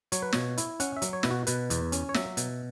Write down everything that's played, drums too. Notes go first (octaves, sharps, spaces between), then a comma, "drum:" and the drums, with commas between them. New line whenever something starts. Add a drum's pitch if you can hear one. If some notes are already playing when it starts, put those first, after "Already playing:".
F#3 C#5, drum: hi-hat
B4
B2 C#5, drum: snare
E4, drum: hi-hat
C#4 F#5, drum: hi-hat
E5
F#3, drum: hi-hat
C#5
B2 E4, drum: snare
F#4
B2 B4, drum: hi-hat
E2, drum: hi-hat
C#4, drum: hi-hat
C#5
F#3 E5, drum: snare
B2, drum: hi-hat